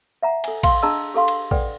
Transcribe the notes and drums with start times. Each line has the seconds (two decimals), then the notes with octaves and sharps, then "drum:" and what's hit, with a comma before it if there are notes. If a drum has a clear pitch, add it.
0.23 E5 F#5 A#5
0.44 A4 G#5, drum: cymbal
0.63 F5 C6, drum: kick, cymbal
0.83 D4 G#4 D#5 A5 A#5 E6
1.14 G4 A4 F5 C6
1.28 drum: cymbal
1.51 A4 B4 D5 F#5 G5, drum: kick